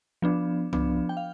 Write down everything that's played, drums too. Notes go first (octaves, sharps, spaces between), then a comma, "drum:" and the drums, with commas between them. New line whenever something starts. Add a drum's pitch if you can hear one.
F3 B3 D4
F3 B3 D4, drum: tom C2
G5
F5